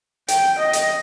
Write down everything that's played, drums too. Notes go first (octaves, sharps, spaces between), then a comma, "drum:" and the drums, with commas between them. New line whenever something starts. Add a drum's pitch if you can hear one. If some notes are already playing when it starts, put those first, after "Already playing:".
G5, drum: hi-hat
D#5
drum: hi-hat